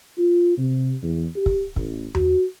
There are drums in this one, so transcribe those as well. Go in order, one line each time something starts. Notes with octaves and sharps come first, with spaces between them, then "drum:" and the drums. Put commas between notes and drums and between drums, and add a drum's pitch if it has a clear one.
F4
C3
E2
G4
drum: kick
A1, drum: kick
F#4, drum: tom E2